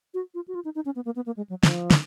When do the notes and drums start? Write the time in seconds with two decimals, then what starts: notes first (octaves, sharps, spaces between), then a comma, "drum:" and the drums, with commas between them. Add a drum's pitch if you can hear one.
0.14 F#4
0.34 F4
0.48 F#4
0.55 F4
0.65 D#4
0.75 D#4
0.85 C#4
0.96 B3
1.05 A#3
1.16 B3
1.26 A#3
1.37 G#3
1.50 F#3
1.63 F3, drum: snare
1.91 drum: snare